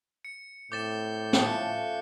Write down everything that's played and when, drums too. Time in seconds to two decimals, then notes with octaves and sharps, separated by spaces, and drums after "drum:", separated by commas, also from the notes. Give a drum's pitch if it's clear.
0.25 C#7
0.72 A2 C4 D6 G6 A6 E7
1.33 F3 A3 C#4 F#6 C#7, drum: snare